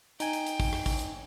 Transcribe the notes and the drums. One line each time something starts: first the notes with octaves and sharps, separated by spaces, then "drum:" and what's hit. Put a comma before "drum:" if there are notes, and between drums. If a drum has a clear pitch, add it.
D#4 G5 G#5, drum: hi-hat
drum: hi-hat
drum: hi-hat
drum: kick, open hi-hat
drum: rim click
drum: kick, open hi-hat
drum: hi-hat